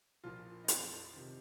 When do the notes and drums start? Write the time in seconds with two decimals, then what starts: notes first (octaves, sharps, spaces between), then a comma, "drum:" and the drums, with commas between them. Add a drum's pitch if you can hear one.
0.24 A#1 A#2 F3 A#3 F4
0.64 D#4
0.68 F2 F3 C4, drum: hi-hat
1.14 C3 D#3